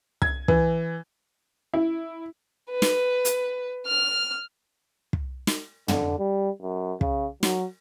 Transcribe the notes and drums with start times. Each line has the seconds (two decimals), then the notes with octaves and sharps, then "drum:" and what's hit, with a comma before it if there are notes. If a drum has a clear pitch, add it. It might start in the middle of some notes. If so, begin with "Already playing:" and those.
0.22 G#6, drum: kick
0.48 E3, drum: kick
1.74 E4
2.71 B4
2.82 drum: snare
3.25 drum: hi-hat
3.87 F6
5.13 drum: kick
5.47 drum: snare
5.88 D3, drum: tom
6.19 G3
6.61 F#2
7.01 C#3, drum: kick
7.43 F#3, drum: snare